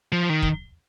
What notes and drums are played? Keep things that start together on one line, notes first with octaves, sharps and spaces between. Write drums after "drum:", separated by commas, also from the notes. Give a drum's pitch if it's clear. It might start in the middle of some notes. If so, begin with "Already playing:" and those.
F3
D#3
drum: kick